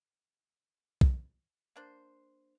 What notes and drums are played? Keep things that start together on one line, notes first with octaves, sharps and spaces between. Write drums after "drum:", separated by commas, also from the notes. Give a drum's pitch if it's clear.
drum: kick B1
A#3 D4 C5